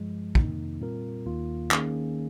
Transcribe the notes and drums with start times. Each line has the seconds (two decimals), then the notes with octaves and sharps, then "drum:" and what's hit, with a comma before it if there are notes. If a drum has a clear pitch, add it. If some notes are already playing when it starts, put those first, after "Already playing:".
Already playing: G2 F3 G#3
0.35 F2 C3 D#3 A#3 D#4, drum: kick
0.81 A#2 G3 C4 F4 A#4
1.26 D#2 D#3 A#3 F4
1.71 D#3 A#3 C#4 G#4, drum: clap